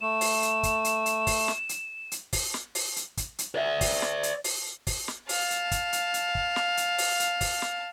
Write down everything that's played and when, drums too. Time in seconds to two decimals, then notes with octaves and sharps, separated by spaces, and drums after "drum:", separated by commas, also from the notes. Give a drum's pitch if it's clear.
0.01 A3 E7
0.21 drum: open hi-hat
0.42 drum: hi-hat
0.63 drum: kick, hi-hat
0.84 drum: hi-hat
1.06 drum: hi-hat
1.27 drum: kick, open hi-hat
1.48 drum: snare
1.69 drum: hi-hat
2.12 drum: hi-hat
2.33 drum: kick, open hi-hat
2.54 drum: snare
2.75 drum: open hi-hat
2.96 drum: hi-hat
3.17 drum: kick, hi-hat
3.39 drum: hi-hat
3.56 D5 E5
3.81 drum: kick, open hi-hat
4.02 drum: snare
4.23 drum: hi-hat
4.44 drum: open hi-hat
4.87 drum: kick, open hi-hat
5.08 drum: snare
5.29 F5 A5, drum: open hi-hat
5.50 drum: hi-hat
5.71 drum: kick, hi-hat
5.93 drum: hi-hat
6.14 drum: hi-hat
6.35 drum: kick
6.56 drum: snare
6.77 drum: hi-hat
6.98 drum: open hi-hat
7.20 drum: hi-hat
7.41 drum: kick, open hi-hat
7.62 drum: snare